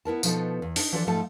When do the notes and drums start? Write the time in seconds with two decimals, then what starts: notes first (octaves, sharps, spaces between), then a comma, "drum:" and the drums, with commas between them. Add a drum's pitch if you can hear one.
0.05 B3 E4 A#4 A5
0.23 B2 F3 B3 D#4 A4, drum: tambourine
0.62 E2
0.76 D4 D#4, drum: open hi-hat
0.93 E3 F3 D4 F#4 A4 D5
1.07 G#2 F3 A3 A4 A5